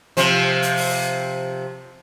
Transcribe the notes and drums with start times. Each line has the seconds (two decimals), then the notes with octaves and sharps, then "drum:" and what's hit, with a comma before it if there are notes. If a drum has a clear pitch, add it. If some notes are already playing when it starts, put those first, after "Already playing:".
0.17 C3 F3, drum: hi-hat
0.62 drum: hi-hat
0.77 drum: open hi-hat